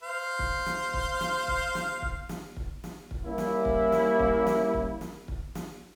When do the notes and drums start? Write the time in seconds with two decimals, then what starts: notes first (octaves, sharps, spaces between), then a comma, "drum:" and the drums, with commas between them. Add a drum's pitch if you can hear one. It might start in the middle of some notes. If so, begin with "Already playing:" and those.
0.02 C5 F5
0.39 drum: kick
0.66 drum: snare
0.93 drum: kick
1.21 drum: snare
1.48 drum: kick
1.75 drum: snare
2.02 drum: kick
2.29 drum: snare
2.56 drum: kick
2.84 drum: snare
3.11 drum: kick
3.24 G3 A#3 C#4 E4
3.38 drum: snare
3.65 drum: kick
3.92 drum: snare
4.19 drum: kick
4.47 drum: snare
4.74 drum: kick
5.01 drum: snare
5.28 drum: kick
5.55 drum: snare